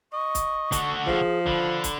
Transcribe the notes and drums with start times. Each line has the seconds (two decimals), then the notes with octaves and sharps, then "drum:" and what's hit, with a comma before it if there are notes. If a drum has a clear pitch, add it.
0.13 D#5 C#6
0.35 drum: kick, hi-hat
0.72 D3 F#4, drum: kick, hi-hat
1.07 F3 G#4, drum: kick
1.46 D3 B5, drum: kick
1.84 drum: kick, hi-hat